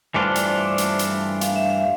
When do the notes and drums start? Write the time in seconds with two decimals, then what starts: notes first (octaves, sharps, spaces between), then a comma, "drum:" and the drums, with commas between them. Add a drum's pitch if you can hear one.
0.14 G2 E3 A3 D4 F4 C5
0.35 D5, drum: hi-hat
0.57 E5
0.78 drum: hi-hat
0.99 drum: hi-hat
1.41 F5, drum: hi-hat
1.56 E5
1.70 F5